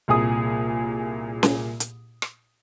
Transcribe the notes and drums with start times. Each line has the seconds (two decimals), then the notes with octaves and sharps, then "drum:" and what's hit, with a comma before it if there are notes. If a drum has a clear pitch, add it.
0.08 C2 A#2 G#4 D#6
1.43 drum: snare C#4
1.80 drum: hi-hat
2.22 drum: rim click